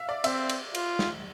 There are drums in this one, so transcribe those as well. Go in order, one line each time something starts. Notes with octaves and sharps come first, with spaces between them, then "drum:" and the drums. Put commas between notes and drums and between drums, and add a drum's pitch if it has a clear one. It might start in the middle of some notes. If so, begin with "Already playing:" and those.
Already playing: E5 F5
D5
C4 E5, drum: cymbal
drum: cymbal
F4, drum: cymbal
drum: snare